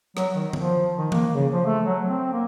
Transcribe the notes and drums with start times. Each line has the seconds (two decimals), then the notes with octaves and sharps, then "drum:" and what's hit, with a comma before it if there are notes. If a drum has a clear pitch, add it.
0.17 F#3, drum: rim click
0.35 D#3
0.53 F3, drum: tom D3
0.96 D#3
1.12 A#3, drum: tom E3
1.34 C#3
1.52 F3
1.65 A3
1.85 F#3
2.05 C4
2.33 A#3